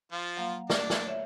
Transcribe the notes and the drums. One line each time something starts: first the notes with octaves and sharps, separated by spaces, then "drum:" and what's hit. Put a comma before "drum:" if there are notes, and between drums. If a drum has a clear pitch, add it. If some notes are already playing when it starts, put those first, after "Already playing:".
F3 F4
F#3 A#3 F5
D4 D5, drum: snare
drum: snare
C#5 E5